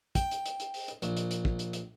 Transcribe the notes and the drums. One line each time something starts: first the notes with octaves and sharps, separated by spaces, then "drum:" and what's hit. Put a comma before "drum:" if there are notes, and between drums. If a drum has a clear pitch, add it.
G5, drum: kick, hi-hat
drum: hi-hat
drum: hi-hat
drum: hi-hat
drum: open hi-hat
drum: hi-hat
A#1, drum: hi-hat
drum: hi-hat
drum: hi-hat
drum: kick
drum: hi-hat
drum: hi-hat